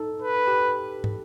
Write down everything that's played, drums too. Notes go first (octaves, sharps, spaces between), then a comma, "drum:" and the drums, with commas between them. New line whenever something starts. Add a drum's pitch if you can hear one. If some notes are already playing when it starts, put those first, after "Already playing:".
Already playing: D#4 A4
B4
G4
drum: tom